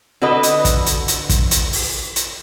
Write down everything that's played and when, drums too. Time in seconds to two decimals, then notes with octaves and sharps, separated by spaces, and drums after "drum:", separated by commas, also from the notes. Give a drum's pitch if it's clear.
0.22 D3 F#4 A4 B4 D#5
0.43 drum: hi-hat
0.65 drum: kick, hi-hat
0.86 drum: hi-hat
1.08 drum: hi-hat
1.29 drum: kick, hi-hat
1.51 drum: hi-hat
1.73 drum: open hi-hat
2.16 drum: hi-hat